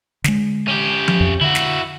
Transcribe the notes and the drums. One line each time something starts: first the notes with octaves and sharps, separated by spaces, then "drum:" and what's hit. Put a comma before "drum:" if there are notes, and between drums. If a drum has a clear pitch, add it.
D3 G#3, drum: snare
C#4 G4
drum: tom F3
F2
D3 E4 F#4
drum: snare